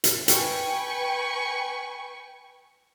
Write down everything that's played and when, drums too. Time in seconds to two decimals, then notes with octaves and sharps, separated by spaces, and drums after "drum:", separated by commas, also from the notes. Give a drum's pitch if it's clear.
0.04 drum: hi-hat
0.28 B4 G5 G#5 C#6, drum: hi-hat